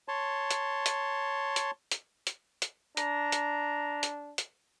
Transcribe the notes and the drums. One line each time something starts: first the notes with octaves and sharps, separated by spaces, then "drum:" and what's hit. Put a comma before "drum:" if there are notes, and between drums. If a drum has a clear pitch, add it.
C#5 A5 C6
drum: hi-hat
drum: hi-hat
drum: hi-hat
drum: hi-hat
drum: hi-hat
drum: hi-hat
D4 A#5, drum: hi-hat
drum: hi-hat
drum: hi-hat
drum: hi-hat